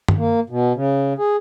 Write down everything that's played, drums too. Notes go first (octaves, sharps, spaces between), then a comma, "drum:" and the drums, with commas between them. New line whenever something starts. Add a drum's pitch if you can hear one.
drum: tom
A#3
B2
C#3
G#4